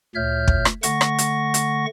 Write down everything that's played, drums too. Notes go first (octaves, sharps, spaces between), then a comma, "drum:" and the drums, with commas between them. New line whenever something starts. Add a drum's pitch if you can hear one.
D2 A#2 C#5 E5 F6 G6
drum: kick
drum: rim click
D3 A3 F#5 C#6 A#6, drum: hi-hat
drum: rim click
drum: hi-hat
drum: hi-hat